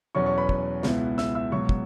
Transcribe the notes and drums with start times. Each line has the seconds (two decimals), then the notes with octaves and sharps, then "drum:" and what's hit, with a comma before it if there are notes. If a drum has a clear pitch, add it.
0.15 E2 B2 F#3 C#4 C#5 C#6
0.26 C#5 C#6
0.38 B4 B5
0.49 drum: kick
0.83 C#2 B2 B3 E4, drum: snare
1.18 E5 E6, drum: snare
1.35 E5 E6
1.52 C#2 B2 F#3 C#5 C#6
1.69 drum: kick